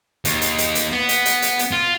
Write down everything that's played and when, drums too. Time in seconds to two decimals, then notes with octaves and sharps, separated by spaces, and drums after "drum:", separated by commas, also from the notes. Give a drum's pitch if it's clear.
0.25 D#2, drum: hi-hat
0.42 drum: hi-hat
0.58 drum: hi-hat
0.75 drum: hi-hat
0.93 B3
1.09 drum: hi-hat
1.26 drum: hi-hat
1.42 drum: hi-hat
1.59 drum: hi-hat
1.72 F4